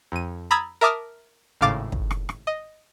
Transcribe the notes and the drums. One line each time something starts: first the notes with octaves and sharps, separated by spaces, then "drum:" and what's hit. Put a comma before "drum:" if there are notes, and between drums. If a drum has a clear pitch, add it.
F2 D#7
A#5 B5 D#6 E6 G#6 A6
A#4 E5 A5 D6 D#6 F6
G#1 A2 C#3 F5 D6 A6
drum: kick
drum: rim click
drum: rim click
D#5